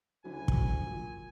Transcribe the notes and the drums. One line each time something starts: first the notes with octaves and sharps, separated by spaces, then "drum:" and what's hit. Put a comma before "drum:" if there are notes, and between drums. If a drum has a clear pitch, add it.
D2 C#3 F#3 E4 G#5
drum: kick
A#2